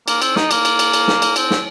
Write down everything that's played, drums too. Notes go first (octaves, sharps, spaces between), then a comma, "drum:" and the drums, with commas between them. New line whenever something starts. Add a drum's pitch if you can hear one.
A#3, drum: cymbal
C4, drum: cymbal
D#4, drum: snare
A#3, drum: cymbal
drum: cymbal
drum: cymbal
drum: cymbal
drum: snare
drum: cymbal
C4, drum: cymbal
drum: snare